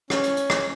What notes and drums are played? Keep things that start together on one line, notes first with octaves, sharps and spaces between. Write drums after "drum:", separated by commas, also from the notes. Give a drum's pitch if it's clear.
C#4, drum: rim click
drum: hi-hat
drum: hi-hat
drum: rim click